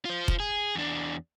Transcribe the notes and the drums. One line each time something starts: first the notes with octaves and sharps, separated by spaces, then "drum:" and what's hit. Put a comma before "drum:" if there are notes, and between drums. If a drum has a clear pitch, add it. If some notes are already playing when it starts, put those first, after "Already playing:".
F4 C5
drum: kick F1
G#4
E2 D4